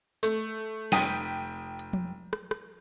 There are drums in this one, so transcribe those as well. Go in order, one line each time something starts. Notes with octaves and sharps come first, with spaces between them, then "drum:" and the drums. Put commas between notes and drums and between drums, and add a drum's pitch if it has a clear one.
A3, drum: tambourine
F1 G5 D#6 B6 D#7, drum: snare
drum: hi-hat
drum: tom F3
drum: rim click
drum: rim click